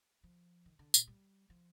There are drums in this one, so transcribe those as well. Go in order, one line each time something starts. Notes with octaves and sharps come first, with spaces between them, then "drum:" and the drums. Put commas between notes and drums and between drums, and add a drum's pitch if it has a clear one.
F3
D#3
D3
A#2, drum: tambourine
G3
F3